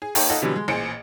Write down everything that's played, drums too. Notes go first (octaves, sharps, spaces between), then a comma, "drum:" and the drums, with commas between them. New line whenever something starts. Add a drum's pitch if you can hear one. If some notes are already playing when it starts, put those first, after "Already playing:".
G#4
A#3 D#4 A4 C#5 G5, drum: open hi-hat
D#4 F4 A4 D#5 F#5
B2 D3 E3 F#3 G3
G#3
A1 A#2 G#4 C5 C#7 D7